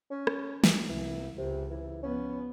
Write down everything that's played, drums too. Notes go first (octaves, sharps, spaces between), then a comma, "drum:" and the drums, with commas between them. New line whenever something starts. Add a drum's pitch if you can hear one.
C#4
drum: rim click
drum: snare
C2 E3
C#2 C3
E3
F3 B3 C#4